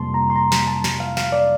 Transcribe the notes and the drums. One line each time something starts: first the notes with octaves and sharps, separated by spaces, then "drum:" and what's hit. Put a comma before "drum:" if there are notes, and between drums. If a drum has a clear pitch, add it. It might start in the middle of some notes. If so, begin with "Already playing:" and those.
Already playing: F2 C3 G3 A#3 A5 C6
A#5
C6
A#5
drum: snare
A5
drum: snare
F5
F5, drum: snare
D5